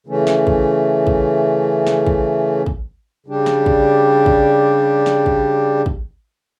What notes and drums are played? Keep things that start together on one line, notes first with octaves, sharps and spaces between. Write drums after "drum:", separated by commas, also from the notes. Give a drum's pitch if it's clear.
C#3 E3 A3 C#4
drum: snare
drum: kick
drum: kick
drum: snare
drum: kick
drum: kick
C#3 G3 D4 G4
drum: snare
drum: kick
drum: kick
drum: snare
drum: kick
drum: kick